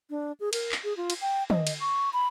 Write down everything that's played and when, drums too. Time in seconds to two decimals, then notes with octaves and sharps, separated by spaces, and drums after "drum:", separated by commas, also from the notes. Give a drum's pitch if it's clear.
0.10 D4
0.40 G#4
0.53 A#4, drum: cymbal
0.72 drum: clap
0.84 G#4
0.97 F4
1.10 drum: cymbal
1.21 G5
1.50 D#5, drum: tom
1.67 drum: cymbal
1.80 C#6
2.13 B5